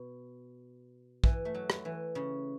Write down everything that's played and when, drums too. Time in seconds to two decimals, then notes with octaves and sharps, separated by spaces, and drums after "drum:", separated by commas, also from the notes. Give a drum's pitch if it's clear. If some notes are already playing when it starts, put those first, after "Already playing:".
Already playing: B2
1.24 E3, drum: kick
1.45 A3
1.55 F#3
1.70 drum: rim click
1.85 E3
2.15 C#3